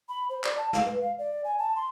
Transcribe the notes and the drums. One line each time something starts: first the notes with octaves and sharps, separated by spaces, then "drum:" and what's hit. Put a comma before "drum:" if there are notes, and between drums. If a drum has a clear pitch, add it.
B5
C5
D5, drum: clap
A5
F5, drum: snare
B4
F5
D5
G#5
A5
C6